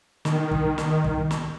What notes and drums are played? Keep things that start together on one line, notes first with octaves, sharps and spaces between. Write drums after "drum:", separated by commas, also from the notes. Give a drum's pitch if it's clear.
D#3, drum: snare
drum: kick
drum: snare
drum: kick
drum: snare